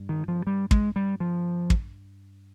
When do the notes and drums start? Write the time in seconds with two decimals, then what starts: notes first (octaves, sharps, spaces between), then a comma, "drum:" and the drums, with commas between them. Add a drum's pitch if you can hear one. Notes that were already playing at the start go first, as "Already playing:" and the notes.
Already playing: G2
0.09 D#3
0.28 F3
0.47 G3
0.71 G#3, drum: kick
0.96 G3
1.20 F3
1.70 drum: kick